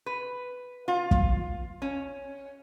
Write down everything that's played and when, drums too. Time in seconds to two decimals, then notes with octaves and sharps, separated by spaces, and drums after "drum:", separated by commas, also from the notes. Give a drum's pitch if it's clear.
0.06 B4
0.88 F4
1.11 drum: kick
1.82 C#4